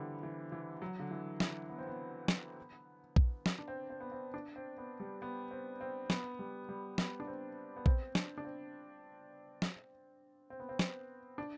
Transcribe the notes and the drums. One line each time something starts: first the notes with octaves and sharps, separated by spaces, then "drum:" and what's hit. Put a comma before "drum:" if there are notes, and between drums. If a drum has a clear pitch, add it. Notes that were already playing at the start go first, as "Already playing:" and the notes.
Already playing: D3 E3 G3 B3 C4
E3
E3
F#3
D3
E3
E3, drum: snare
B3
C4
B3
drum: snare
drum: kick A#1
drum: snare
D4
C4
C4
B3
C4
D4
C4
B3
G3
B3
C4
C4
B3, drum: snare
G3
G3
B3, drum: snare
D4
C4
B3
C4, drum: kick A#1
D4, drum: snare
D4
C4
drum: snare
C4
B3
C4
drum: snare
D4